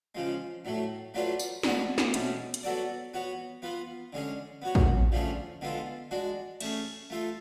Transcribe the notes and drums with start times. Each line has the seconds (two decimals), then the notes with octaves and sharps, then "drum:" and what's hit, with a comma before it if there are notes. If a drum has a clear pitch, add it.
0.15 C#3 F3 G#3
0.65 A2 F#3 A3
1.14 F#3 A3 D4 F4 B4
1.39 drum: tambourine
1.63 G#3 D4 F#4 B4, drum: snare A3
1.98 drum: snare A3
2.14 B2 A3 C#4, drum: hi-hat
2.54 drum: hi-hat
2.63 F#3 B3 F#4 A4 D5
3.14 B3 F#4 C#5
3.62 B3 F4 B4
4.13 D3 G#3 C#4 G#4
4.62 B3 F#4 C#5
4.75 drum: kick
5.12 D3 F3 A3 C#4 G#4
5.61 D3 G#3 B3 F4 A4
6.11 G#3 D4 F#4
6.61 A3 C#4 G#4, drum: cymbal
7.10 A3 F4 A4